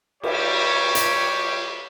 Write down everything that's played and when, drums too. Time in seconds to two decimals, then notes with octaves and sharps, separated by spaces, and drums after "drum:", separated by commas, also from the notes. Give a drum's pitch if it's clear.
0.23 G3 G4 C#5, drum: cymbal
0.95 drum: hi-hat